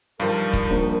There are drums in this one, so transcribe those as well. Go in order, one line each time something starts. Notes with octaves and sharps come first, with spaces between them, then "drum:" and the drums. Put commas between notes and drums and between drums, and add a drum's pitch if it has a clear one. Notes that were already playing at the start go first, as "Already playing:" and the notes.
G2 D#3 F3 G3 F4 A#4
drum: kick
A#1